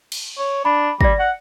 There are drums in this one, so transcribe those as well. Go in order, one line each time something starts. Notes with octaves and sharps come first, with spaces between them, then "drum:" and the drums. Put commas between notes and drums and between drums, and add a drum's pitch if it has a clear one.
drum: cymbal
C#5
D4 B5
G3 D5 A#6, drum: kick
F#5